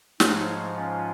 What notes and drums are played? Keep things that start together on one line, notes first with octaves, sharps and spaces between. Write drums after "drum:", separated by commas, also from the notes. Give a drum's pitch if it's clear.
G#2 F3 G#3 C#5 F5, drum: snare
C#4 F4